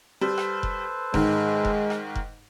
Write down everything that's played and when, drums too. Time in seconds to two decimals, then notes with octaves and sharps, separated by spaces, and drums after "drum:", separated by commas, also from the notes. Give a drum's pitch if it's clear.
0.21 G3 A4 B4 C5
0.38 drum: rim click
0.63 drum: kick F1
1.14 G#2 D#3 G#3, drum: kick F1
1.65 drum: kick F1
1.90 drum: rim click
2.15 drum: kick F1